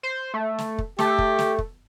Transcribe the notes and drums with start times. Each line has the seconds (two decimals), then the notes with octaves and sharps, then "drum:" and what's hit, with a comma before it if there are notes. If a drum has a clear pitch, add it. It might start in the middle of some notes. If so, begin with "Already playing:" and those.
0.03 C5
0.34 A3
0.58 drum: snare
0.78 drum: kick
0.98 A3 G4, drum: snare
1.19 drum: kick
1.39 drum: snare
1.59 drum: kick